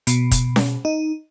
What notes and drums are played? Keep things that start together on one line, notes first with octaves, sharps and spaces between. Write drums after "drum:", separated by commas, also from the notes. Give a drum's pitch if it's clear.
B2, drum: hi-hat
drum: kick, hi-hat
drum: snare C#4
D#4